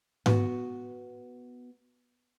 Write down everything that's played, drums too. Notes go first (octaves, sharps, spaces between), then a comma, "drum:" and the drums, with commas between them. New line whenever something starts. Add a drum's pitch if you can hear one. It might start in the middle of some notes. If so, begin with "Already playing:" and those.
B3 F#4, drum: tom G#2